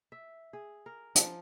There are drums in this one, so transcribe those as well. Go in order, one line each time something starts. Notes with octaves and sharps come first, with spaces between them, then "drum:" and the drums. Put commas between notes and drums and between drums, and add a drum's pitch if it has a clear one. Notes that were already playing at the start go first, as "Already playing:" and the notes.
E5
G#4
A#4
F3, drum: hi-hat